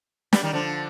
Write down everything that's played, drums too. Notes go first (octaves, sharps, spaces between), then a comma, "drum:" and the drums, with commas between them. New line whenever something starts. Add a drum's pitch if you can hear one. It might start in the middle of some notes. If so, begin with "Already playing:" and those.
G3 B3, drum: snare
D#3 G3
D3 F3